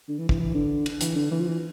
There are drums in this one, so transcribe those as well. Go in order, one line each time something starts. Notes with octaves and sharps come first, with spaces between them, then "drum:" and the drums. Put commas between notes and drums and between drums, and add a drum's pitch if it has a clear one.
D3
E3
E3, drum: kick
E3
D3
drum: cymbal
E3, drum: hi-hat
D3
E3
F3
E3